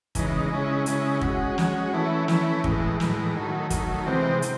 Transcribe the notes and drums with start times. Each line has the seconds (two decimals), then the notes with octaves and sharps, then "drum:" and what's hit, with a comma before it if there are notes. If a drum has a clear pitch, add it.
0.15 C#3 E3 G#3 D#4, drum: kick, hi-hat
0.50 C#3 G#3 C#4 E4
0.86 C#3 G#3 C#4 E4, drum: hi-hat
1.21 G#3 C#4 F#4, drum: kick
1.58 G#3 C#4 F#4, drum: snare
1.93 E3 A3 C#4 E4
2.28 E3 A3 C#4 E4, drum: snare
2.64 A2 E3 G#3, drum: kick
3.00 A2 E3 G#3, drum: snare
3.36 D#3 F#3 A3
3.70 D#3 F#3 A3, drum: kick, hi-hat
4.06 C3 E3 G#3 C4
4.42 C4, drum: hi-hat